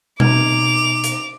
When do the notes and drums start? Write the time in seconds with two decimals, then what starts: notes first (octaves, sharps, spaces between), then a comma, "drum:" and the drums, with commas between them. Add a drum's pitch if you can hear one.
0.20 B2 D#4 D6 F7, drum: tom B2
1.04 drum: hi-hat